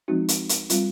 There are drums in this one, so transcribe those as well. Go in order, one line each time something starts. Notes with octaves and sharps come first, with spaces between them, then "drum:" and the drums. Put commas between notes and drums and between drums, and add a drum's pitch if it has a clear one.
F3 G#3 C4 D#4 F#4
drum: hi-hat
drum: hi-hat
G3 C4 F4, drum: hi-hat